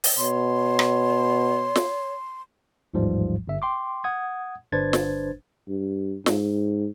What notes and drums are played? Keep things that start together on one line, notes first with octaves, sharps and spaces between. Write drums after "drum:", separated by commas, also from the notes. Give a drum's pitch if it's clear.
drum: open hi-hat
B2 C#5 C6
drum: rim click
drum: snare
A1 D#2 G#2 E3 F3 G3
G1 E5
G5 C6 D6
F#5 D#6 G#6
G1 D4 B4 C5 G#6 A6
drum: snare
G2
G#2, drum: snare